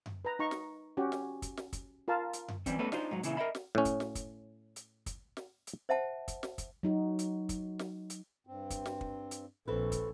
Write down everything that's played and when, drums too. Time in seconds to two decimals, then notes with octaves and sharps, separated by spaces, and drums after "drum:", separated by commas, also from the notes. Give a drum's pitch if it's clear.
0.06 drum: tom F#2
0.25 B4 A#5
0.39 D#4 A#5 C#6
0.51 drum: snare
0.97 C#4 F#4 G4
1.12 drum: snare
1.42 drum: kick, hi-hat
1.57 drum: snare
1.73 drum: kick, hi-hat
2.08 F4 A#4 F5 A5
2.33 drum: hi-hat
2.48 drum: tom F#2
2.66 E3 G3 C4 C#4, drum: kick, hi-hat
2.79 G3 A3 B3 C#4 A4 B4
2.92 D4 D#4 F4 C5, drum: snare
3.11 G#2 F#3
3.23 A#2 C#3 E3 E4, drum: hi-hat
3.37 A#4 D#5 E5 B5
3.55 drum: snare
3.75 A2 C#4
3.85 drum: kick, hi-hat
4.00 drum: snare
4.15 drum: kick, hi-hat
4.76 drum: hi-hat
5.06 drum: kick, hi-hat
5.37 drum: snare
5.67 drum: hi-hat
5.89 C5 E5 F#5 A5
6.28 drum: kick, hi-hat
6.43 drum: snare
6.58 drum: kick, hi-hat
6.83 F#3 D#4 F#4
7.19 drum: hi-hat
7.49 drum: kick, hi-hat
7.79 drum: snare
8.10 drum: hi-hat
8.47 G2 C4
8.70 drum: kick, hi-hat
8.86 drum: snare
9.01 drum: kick
9.31 drum: hi-hat
9.68 A#1 C4 E4 A4 B4 C#5
9.92 drum: kick, hi-hat